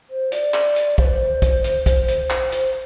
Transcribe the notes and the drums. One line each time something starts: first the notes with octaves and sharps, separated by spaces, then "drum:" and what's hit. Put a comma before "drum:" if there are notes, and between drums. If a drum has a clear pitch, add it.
C5
D5, drum: hi-hat
drum: clap
drum: hi-hat
C5, drum: kick
B4
C5
drum: kick, hi-hat
drum: hi-hat
drum: kick, hi-hat
drum: hi-hat
C5, drum: clap
C5, drum: hi-hat